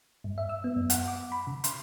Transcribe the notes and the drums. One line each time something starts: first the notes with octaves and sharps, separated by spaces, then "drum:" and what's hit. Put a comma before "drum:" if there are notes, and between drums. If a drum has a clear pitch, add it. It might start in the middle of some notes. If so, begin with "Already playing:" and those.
G2
E5
E6
B3
F#2
F#5, drum: hi-hat
D6
B5
C#3
C6, drum: hi-hat